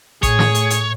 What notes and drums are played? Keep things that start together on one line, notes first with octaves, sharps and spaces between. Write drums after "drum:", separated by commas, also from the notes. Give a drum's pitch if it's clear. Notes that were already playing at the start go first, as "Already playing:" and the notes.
A2 G#4 C#5, drum: kick A1, hi-hat
drum: snare
drum: hi-hat
drum: hi-hat